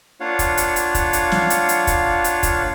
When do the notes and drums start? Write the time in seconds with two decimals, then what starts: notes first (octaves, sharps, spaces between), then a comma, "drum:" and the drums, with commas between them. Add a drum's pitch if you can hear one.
0.20 A#3 D4 F4 C#5 F5 F#5
0.39 drum: kick, hi-hat
0.57 drum: hi-hat
0.76 drum: hi-hat
0.95 drum: kick, hi-hat
1.13 drum: hi-hat
1.32 drum: snare
1.50 drum: hi-hat
1.69 drum: hi-hat
1.87 drum: kick, hi-hat
2.24 drum: hi-hat
2.43 drum: kick, hi-hat